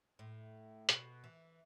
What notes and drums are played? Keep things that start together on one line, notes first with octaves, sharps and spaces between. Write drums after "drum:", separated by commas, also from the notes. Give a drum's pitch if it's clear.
A2
B2, drum: hi-hat
E3